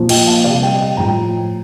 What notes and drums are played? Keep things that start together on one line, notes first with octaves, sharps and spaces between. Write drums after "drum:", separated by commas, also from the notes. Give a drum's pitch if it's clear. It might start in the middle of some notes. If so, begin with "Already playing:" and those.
Already playing: A#2 F3
D#5 G5, drum: cymbal
F5 A5
C3 G3 D5 F5
D#5 G5
D#5 G5
A2 F3 G5 A#5